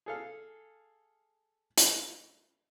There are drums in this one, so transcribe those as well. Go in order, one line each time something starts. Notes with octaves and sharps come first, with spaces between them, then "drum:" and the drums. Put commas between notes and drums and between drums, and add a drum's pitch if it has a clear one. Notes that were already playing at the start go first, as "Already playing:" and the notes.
G#4 A4 F5
drum: hi-hat